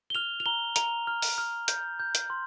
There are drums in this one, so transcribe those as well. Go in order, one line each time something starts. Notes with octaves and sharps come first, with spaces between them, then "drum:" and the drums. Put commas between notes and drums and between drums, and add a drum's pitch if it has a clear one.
G7
F6 F7
F7
A#5 G7
A#5 F7, drum: hi-hat
F6
drum: open hi-hat
F6
G6, drum: hi-hat
G6
drum: hi-hat
C6